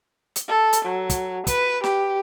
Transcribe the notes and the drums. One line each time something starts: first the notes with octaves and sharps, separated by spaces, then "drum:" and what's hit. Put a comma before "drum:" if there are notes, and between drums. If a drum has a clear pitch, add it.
drum: hi-hat
A4
drum: hi-hat
F#3
drum: kick, hi-hat
B4, drum: kick, hi-hat
G4, drum: snare